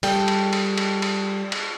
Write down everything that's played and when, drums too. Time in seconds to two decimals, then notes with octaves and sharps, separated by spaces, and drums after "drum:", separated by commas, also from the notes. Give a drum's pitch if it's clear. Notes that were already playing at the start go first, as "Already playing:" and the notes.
0.03 G3 A4 G5, drum: cymbal
0.28 drum: cymbal
0.53 drum: cymbal
0.78 drum: cymbal
1.02 drum: cymbal
1.52 drum: cymbal